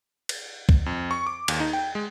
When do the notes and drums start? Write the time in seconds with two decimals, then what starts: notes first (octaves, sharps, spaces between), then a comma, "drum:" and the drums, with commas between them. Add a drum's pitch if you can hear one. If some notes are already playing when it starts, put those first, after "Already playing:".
0.29 drum: cymbal
0.69 drum: kick C2
0.86 F2
1.11 C#6
1.27 D6
1.48 D#2, drum: cymbal
1.60 D#4
1.73 G5
1.95 G#3